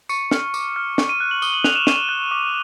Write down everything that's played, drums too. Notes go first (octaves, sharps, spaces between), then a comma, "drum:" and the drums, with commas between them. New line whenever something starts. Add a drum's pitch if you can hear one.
C#6 C#7, drum: tambourine
F6, drum: snare
D6, drum: tambourine
F6
C#6, drum: snare
D#7
F#6
F#7
D#6 G7, drum: tambourine
F#7
F#6 F7, drum: snare
E7
C#6 D#7, drum: snare
F#6
D6